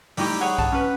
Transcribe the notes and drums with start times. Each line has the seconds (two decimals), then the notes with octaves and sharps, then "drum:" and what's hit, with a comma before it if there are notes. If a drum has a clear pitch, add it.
0.17 G3 A3 D#4 E4 G4, drum: open hi-hat
0.41 G#4 C#5 F#5
0.58 A5, drum: kick B1
0.72 C#4 B4